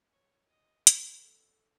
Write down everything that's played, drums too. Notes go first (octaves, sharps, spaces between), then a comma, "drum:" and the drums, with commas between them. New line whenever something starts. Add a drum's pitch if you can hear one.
C#5
D#5
B4, drum: hi-hat
A4